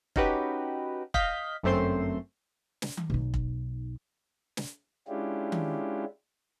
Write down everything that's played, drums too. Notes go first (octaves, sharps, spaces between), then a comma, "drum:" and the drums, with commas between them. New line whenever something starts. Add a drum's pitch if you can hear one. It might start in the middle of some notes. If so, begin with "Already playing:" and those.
C#4 D#4 F#4 G4 B4, drum: kick
D#5 F5 G6 B6, drum: kick
G1 F#2 A3 C4 C5 C6
drum: snare
drum: tom D#3
B1 D#4
drum: kick
drum: snare
G#3 C#4 D4 E4 F4 G4
drum: tom D#3